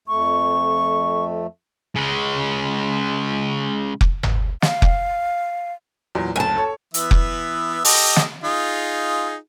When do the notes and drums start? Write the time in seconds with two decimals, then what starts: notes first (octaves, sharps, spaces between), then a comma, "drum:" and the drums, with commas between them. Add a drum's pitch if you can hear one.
0.08 F2 A3 C#6
1.96 C#3 G#3
4.01 drum: kick F1
4.23 drum: tom G1
4.62 F5, drum: snare
4.82 drum: kick F1
6.15 E2 A#2 F#3
6.36 F#1 D2 G#5 A5
6.56 A4 C#5
6.94 E3 B3 E5, drum: hi-hat
7.11 drum: kick F1
7.85 G4 A4 D#5, drum: open hi-hat
8.16 drum: snare
8.44 D#4 F4 G#4